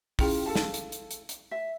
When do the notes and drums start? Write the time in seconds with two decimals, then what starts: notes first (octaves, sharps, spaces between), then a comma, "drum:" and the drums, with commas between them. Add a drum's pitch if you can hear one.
0.19 C#4 E4 F4 G#4 G5, drum: kick, open hi-hat
0.46 A4 F5 A5
0.56 drum: snare
0.74 drum: hi-hat
0.92 drum: hi-hat
1.11 drum: hi-hat
1.29 drum: hi-hat
1.51 E5